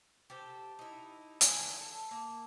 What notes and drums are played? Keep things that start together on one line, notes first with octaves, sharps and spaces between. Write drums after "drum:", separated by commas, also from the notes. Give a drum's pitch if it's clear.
G4 A4 C5
D#4 E4
D3 E3 E4 G#5, drum: hi-hat
A4
A#3